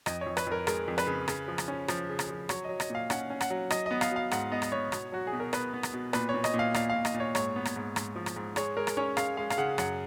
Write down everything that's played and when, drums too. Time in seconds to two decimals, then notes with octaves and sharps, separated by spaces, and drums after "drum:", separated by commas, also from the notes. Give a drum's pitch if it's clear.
0.06 F2 D#5, drum: rim click
0.21 C#5
0.26 F2
0.37 B4, drum: rim click
0.47 F2 A#4
0.67 G#3 A#4, drum: rim click
0.88 F2
0.98 B4, drum: rim click
1.07 C#3
1.28 C#3, drum: rim click
1.48 F3
1.58 drum: rim click
1.68 C#4
1.88 F3, drum: rim click
2.09 C#3
2.19 drum: rim click
2.29 F3
2.49 F#3 C#5, drum: rim click
2.64 F#3 D#5
2.80 D#5, drum: rim click
2.90 A#2 F5
3.10 C#4 F#5, drum: rim click
3.30 C#4
3.41 F#5, drum: rim click
3.50 F#3
3.70 F#3 D#5, drum: rim click
3.86 B3 D#5
4.01 F5, drum: rim click
4.11 F#3 F5
4.31 G#2 F#5, drum: rim click
4.52 B3 D#5
4.62 drum: rim click
4.72 B3 C#5
4.92 B2, drum: rim click
5.12 F#3 F#4
5.27 G#4
5.33 B2
5.40 A#4
5.53 B3 B4, drum: rim click
5.74 B3
5.83 drum: rim click
5.93 B2
6.13 A#2 B4, drum: rim click
6.29 C#5
6.34 A#2
6.44 D#5, drum: rim click
6.54 A#2
6.59 F5
6.74 A#2 F5, drum: rim click
6.90 F5
6.95 A#2
7.05 D#5, drum: rim click
7.14 A#2
7.20 C#5
7.35 G#2 C#5, drum: rim click
7.56 B3
7.65 drum: rim click
7.76 G#2
7.96 G#2, drum: rim click
8.16 F3
8.26 drum: rim click
8.36 G#2
8.56 G#3 C#5, drum: rim click
8.77 G#3 A#4
8.87 drum: rim click
8.97 C#4 C#5
9.17 G#3 F5, drum: rim click
9.37 G#3 F5
9.50 F5, drum: rim click
9.58 C#3 F#5
9.78 F#2 F#5, drum: rim click